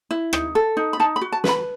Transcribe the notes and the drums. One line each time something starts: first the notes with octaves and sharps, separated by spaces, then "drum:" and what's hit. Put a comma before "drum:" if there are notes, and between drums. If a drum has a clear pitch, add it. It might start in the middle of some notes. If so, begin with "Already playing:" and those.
E4
D#4, drum: rim click
A4
D#4
B5
D#4 A5
B5
F#4
A5
B4, drum: snare
B5